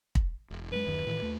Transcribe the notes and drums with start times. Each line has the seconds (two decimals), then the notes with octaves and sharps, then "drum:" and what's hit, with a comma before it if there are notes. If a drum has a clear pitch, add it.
0.15 drum: kick
0.50 E1
0.72 F#2 G#3 B4
0.86 D1 F#2 D#3
1.07 A2 D#3 E3
1.22 D#2 A3